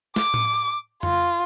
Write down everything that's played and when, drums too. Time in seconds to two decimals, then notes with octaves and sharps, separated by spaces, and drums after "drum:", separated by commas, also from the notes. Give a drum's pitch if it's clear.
0.16 D6, drum: snare
0.34 drum: tom A2
1.03 F4, drum: tom F2